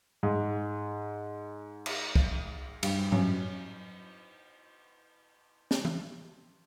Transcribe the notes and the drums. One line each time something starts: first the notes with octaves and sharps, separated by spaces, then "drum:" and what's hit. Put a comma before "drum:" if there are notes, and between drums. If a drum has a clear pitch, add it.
G#2
drum: cymbal
drum: kick
G2, drum: cymbal
F#2, drum: tom G#2
drum: snare
drum: tom E3